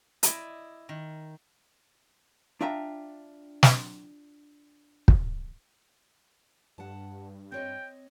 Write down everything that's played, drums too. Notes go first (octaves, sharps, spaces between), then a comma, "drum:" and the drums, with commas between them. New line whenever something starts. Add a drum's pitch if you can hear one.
E4 D5 D#5, drum: hi-hat
D#3
D4 F4 E5 G5 A#5
drum: snare
drum: kick
G2 F#5 A5
C4 C#5 D#5 G5